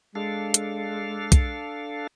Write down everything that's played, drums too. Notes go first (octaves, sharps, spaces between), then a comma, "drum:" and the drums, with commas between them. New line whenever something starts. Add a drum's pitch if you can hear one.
G#3 D4 A4 F5
drum: hi-hat
drum: kick, hi-hat